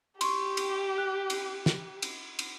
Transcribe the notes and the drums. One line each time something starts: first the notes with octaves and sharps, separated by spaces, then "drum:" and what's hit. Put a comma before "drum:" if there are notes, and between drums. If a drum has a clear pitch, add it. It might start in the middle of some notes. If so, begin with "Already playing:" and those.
G4 C6 C#6, drum: cymbal
drum: cymbal
F#6
drum: cymbal
drum: snare
drum: cymbal
drum: cymbal